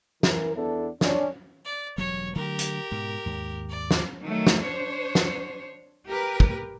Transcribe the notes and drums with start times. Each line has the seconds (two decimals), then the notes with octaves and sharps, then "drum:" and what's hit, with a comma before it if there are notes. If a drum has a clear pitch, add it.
0.23 E3 A#4, drum: snare
0.55 E2 B3 D4 E4 A4
1.01 C#4 D4, drum: snare
1.65 D5
1.98 E1 G2 F#3 C#5
2.35 D3 F#3 A3 G4 A#4
2.59 drum: hi-hat
2.91 G#2 B2
3.26 D#2 G#2
3.70 D5
3.91 drum: snare
4.23 D#3 F#3 A3
4.47 drum: snare
4.63 D4 C5 C#5
5.15 drum: snare
6.06 G4 A#4 B4
6.40 drum: kick